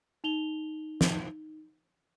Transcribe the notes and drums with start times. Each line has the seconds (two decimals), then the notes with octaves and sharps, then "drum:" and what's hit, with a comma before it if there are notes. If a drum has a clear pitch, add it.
0.24 D#4 F7 G7
1.01 drum: snare